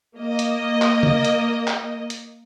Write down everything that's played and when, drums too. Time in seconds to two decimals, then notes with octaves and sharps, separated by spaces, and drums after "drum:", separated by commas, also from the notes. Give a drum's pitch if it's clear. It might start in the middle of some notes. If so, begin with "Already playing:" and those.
0.18 A#3 D#5
0.39 drum: hi-hat
0.82 drum: clap
1.03 drum: tom C#3
1.25 drum: hi-hat
1.67 drum: clap
2.10 drum: hi-hat